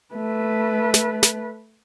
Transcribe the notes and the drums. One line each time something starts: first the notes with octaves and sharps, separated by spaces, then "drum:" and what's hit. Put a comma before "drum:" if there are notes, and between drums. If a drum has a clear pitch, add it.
A3 B4
drum: snare
drum: snare